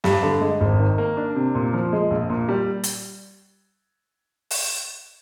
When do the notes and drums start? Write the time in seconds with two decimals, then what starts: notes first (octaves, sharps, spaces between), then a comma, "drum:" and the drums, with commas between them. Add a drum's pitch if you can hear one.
0.04 G2, drum: snare
0.23 D3
0.41 G#3
0.60 G#1
0.79 D#3
0.98 A#3
1.17 D4
1.35 C3
1.55 A#2
1.73 F3
1.92 G#3
2.11 A#1
2.29 A#2
2.49 G3
2.84 drum: hi-hat
4.50 drum: open hi-hat